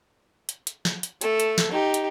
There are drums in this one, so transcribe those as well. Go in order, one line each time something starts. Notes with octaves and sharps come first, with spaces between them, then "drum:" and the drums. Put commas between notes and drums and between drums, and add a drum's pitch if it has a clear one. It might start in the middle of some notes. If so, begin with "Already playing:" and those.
drum: hi-hat
drum: hi-hat
drum: snare
drum: hi-hat
A3 A4, drum: hi-hat
drum: hi-hat
drum: snare
D#4 G4
drum: hi-hat